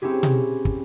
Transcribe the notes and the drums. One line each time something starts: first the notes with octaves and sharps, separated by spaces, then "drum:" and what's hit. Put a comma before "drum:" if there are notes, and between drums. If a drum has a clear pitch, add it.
C4 C#4 E4 G4 G#4
drum: tom B2
drum: kick